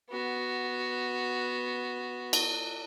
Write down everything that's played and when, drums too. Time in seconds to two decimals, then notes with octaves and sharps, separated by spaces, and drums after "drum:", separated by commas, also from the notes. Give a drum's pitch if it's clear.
0.11 B3 F#4
2.33 drum: cymbal